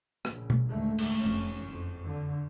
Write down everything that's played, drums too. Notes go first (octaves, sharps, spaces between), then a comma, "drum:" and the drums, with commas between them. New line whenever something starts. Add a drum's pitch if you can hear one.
A#1 C#3, drum: rim click
drum: tom B2
A#1 D#2 G#2 D3 A3
drum: cymbal
F1 C#4
F#1 F2
D3